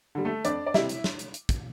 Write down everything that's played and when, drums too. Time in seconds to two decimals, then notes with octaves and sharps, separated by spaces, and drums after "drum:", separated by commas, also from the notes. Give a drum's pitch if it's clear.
0.15 D3 G3
0.25 A3 A4
0.45 F2 D4 D5, drum: hi-hat
0.66 D5
0.74 C3 G3 E4 E5, drum: snare
0.89 drum: hi-hat
1.04 drum: snare
1.19 drum: hi-hat
1.34 drum: hi-hat
1.49 drum: kick, hi-hat